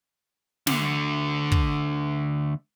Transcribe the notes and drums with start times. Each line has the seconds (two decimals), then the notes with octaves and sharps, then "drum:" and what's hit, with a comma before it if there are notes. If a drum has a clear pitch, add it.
0.67 D2 D3, drum: snare
1.52 drum: kick